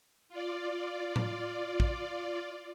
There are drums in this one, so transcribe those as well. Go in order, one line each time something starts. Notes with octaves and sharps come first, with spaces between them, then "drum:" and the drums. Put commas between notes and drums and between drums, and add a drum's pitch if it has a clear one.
F4 D5
drum: tom A2
drum: kick